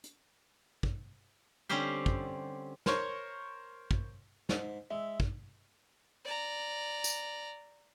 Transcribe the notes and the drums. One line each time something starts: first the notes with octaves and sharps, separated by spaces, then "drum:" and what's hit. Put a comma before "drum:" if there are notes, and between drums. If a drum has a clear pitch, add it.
drum: hi-hat
drum: kick
D3 G3 C4 C#4 G4 C5
drum: kick
A#4 C5 C#5 C#6, drum: snare
drum: kick
G#2, drum: snare
G#3 E5
drum: kick
D5 A#5
drum: tambourine